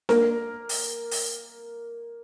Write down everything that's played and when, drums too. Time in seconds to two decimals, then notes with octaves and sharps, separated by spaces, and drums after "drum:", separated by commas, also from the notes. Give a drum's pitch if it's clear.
0.09 A#3 A#4, drum: snare D4
0.69 drum: open hi-hat
1.11 drum: open hi-hat